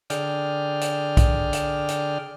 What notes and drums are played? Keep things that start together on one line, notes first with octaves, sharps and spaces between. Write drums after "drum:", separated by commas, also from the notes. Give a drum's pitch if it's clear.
D3 G#4 D5 G5 F6, drum: hi-hat
drum: hi-hat
drum: kick, hi-hat
drum: hi-hat
drum: hi-hat